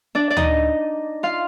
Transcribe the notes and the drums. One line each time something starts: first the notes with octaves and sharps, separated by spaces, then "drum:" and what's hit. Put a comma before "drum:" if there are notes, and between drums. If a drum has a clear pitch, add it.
D4 D5
D5
D#4 D#5, drum: tom D2
F4 F5